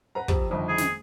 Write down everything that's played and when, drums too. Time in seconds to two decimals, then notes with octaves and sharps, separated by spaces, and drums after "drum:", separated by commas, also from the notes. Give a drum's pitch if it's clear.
0.15 B4 F#5 A#5
0.28 F2 C3, drum: kick
0.50 G1 F2 D#3
0.68 G#4
0.78 drum: snare